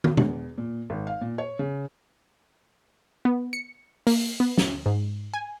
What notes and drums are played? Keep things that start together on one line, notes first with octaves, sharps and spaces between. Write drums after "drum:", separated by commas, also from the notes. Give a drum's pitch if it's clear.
drum: tom
E2, drum: tom B2
A#2
G#1
F5
A#2
C#5
C#3
B3
C#7
A#3, drum: open hi-hat
B3
D2, drum: snare
G#2
G#5